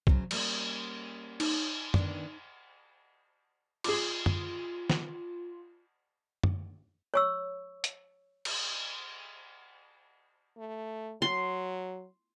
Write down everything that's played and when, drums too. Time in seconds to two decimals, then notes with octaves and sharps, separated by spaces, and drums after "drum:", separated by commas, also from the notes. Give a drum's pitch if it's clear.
0.07 C#3 F#3 C5, drum: kick
0.31 G3 A#3 C#4, drum: cymbal
1.40 D#4, drum: cymbal
1.94 D#3 B3 D4, drum: tom F#2
3.84 F4 G#4 D6, drum: cymbal
4.26 drum: tom F#2
4.90 drum: snare
6.43 drum: tom F#2
7.14 C#5 C#6 E6
7.84 drum: hi-hat
8.45 drum: cymbal
10.58 A3
11.22 F#3 C6